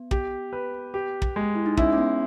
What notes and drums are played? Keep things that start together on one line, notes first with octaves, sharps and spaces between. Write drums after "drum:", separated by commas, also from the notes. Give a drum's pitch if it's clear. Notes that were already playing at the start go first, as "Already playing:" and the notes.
Already playing: B3
G4, drum: kick
B4
G4
drum: kick
G#3
E4
D#4
C#4 E4, drum: kick
C#4
B3